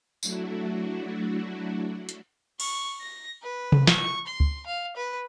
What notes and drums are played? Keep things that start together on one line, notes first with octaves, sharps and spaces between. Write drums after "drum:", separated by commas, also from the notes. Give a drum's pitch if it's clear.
F#3 A3 D4 E4 F#4, drum: tambourine
drum: hi-hat
C#6, drum: cymbal
A#6
B4
drum: tom C3
C#6, drum: snare
C6
drum: kick C#2
F5
B4